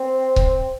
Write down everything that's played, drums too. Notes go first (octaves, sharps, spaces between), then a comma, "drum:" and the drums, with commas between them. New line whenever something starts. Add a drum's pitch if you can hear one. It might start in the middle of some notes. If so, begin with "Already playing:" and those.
Already playing: C4
drum: kick C#1